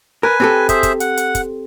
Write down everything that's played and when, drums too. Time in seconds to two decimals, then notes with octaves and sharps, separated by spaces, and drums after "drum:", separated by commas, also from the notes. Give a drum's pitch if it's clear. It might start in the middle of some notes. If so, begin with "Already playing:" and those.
0.23 A#4 B4 G#5
0.40 C4 G4 A4
0.69 G#4 C5 E5, drum: kick, hi-hat
0.83 drum: kick, hi-hat
1.00 F#5, drum: hi-hat
1.17 drum: hi-hat
1.35 drum: kick, hi-hat